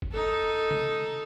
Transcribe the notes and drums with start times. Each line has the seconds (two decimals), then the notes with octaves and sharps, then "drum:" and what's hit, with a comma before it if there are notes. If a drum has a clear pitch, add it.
0.02 drum: kick
0.12 D#4 A4
0.71 drum: tom C3